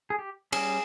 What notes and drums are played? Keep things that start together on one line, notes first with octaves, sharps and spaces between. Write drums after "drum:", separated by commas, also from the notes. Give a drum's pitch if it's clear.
G#4
G4
G3 C#4 G#4, drum: cymbal